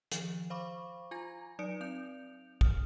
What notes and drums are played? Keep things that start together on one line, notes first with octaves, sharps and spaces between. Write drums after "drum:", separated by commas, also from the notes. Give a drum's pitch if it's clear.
D#3 F3, drum: hi-hat
C5 F5 B5 C#6 D6
F4 G#5 A#5 G#6 A#6
F#3 D#4 D5 D#6 C#7 D7
C4 G6 F7
D#6 F6, drum: kick A#1